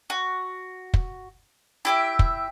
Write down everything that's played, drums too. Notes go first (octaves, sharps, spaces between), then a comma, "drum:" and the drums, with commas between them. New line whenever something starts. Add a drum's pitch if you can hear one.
F#4
drum: kick
E4 G4 E5
drum: kick